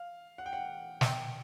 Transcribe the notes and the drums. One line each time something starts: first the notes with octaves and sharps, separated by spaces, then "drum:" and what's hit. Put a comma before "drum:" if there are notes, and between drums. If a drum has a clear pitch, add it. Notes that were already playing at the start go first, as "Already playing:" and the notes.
Already playing: F5
F#5
G5
F#5
G5, drum: snare